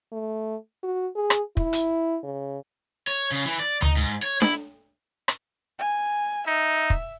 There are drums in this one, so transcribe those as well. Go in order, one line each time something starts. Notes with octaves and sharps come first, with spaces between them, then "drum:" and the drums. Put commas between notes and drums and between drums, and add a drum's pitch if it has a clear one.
A3
F#4
G#4
drum: rim click
E4, drum: kick
drum: hi-hat
C#3
C#5
C#3
E3
D5
D#4, drum: tom D2
G#2
C#5
E4, drum: snare D4
drum: rim click
G#5
D#4 E5
drum: kick